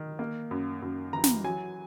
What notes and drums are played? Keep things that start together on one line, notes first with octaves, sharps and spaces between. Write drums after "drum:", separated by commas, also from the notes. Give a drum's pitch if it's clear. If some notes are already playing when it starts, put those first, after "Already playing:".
Already playing: D#3
A#3
F#2
F#2
E3 A#5
drum: snare
F#3 G#5